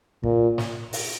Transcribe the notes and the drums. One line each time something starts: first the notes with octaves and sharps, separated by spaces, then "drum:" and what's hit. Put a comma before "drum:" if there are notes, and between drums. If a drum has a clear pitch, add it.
A#2, drum: kick
drum: snare
drum: open hi-hat